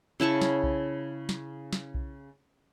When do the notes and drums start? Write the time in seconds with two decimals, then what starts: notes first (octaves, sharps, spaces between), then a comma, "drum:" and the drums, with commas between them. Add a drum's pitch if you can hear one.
0.20 C#3 E4 A5 C#6
0.41 drum: snare
0.63 drum: kick B1
1.29 drum: snare
1.73 drum: snare
1.94 drum: kick B1